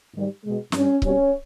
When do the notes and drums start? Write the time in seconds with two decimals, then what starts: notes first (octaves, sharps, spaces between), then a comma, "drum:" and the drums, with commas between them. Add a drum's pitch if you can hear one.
0.14 G#2 D#3 G3
0.43 B2 G#3
0.72 G2 G3 C#4, drum: snare
1.02 B2 G3 C#4, drum: kick C#1